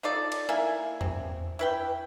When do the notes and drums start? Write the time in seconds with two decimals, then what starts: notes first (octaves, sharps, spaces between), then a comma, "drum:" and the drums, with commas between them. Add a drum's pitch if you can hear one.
0.03 D#4 F4 A4 D5
0.32 drum: cymbal
0.49 A#3 E4 G#5
1.01 C4, drum: tom E2
1.59 E4 B4 G5